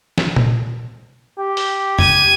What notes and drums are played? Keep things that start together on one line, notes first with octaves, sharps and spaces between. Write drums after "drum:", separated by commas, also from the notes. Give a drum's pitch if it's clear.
drum: snare
drum: tom A#2
G4
drum: open hi-hat
G#6 D#7, drum: tom F2